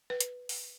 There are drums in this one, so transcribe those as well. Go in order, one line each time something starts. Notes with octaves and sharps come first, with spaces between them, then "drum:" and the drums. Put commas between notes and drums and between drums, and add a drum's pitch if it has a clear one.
B4
drum: hi-hat
drum: open hi-hat